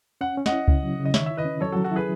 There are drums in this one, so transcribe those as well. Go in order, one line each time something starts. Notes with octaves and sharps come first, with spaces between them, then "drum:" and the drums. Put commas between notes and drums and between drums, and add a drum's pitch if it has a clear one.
C#4 F#5
C#4
D#5 F#5, drum: snare
E4
C#3, drum: kick C#2
F#3
C#3
D#5
D#3 C#5 E5, drum: snare
E4 E5
B4 D#5
C#4
F#3 A4 C#5
F#4 A4
F#3
F#4 A4
E4 G#4 B4